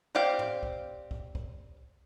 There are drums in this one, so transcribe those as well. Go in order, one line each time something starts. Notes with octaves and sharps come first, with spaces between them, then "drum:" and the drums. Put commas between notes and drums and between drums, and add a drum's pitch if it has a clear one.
C4 G4 D5 F5 G5
drum: tom
drum: kick
drum: kick
drum: kick